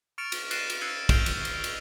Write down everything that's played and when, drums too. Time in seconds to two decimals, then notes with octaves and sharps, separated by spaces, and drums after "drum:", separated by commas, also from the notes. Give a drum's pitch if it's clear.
0.18 C#6 F6 A6 C#7 D7 F7
0.32 drum: cymbal
0.51 F#6 A6 A#6 C7 D#7 E7, drum: cymbal
0.70 drum: cymbal
0.81 E6 F#6 G#6 C7 C#7 D#7
1.09 F6 G6 C7 D7 F7 G7, drum: kick, cymbal
1.26 drum: cymbal
1.45 drum: cymbal
1.64 drum: cymbal